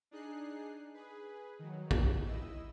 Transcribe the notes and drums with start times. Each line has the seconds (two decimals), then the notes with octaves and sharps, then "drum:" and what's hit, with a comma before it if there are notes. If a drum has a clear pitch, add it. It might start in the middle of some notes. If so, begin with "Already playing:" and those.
0.11 D4 D#4 G#4 F#6 C7
0.94 G#4 B4
1.59 D#3 F#3
1.91 drum: kick
2.26 E4 D#5 E6